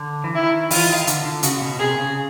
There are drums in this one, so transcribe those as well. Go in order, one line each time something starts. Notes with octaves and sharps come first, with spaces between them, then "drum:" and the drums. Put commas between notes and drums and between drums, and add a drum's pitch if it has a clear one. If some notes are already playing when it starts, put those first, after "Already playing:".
Already playing: D3
E3
D#3 E4
E3 F4, drum: open hi-hat
D#3
D3, drum: hi-hat
D3
C#3 F#4, drum: hi-hat
B2
C3 G#4
C#3